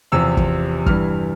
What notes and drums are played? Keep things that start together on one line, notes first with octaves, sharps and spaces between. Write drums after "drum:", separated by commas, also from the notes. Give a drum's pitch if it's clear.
E2 C3 F3 E6
drum: kick
G2 E3 G3 F6, drum: kick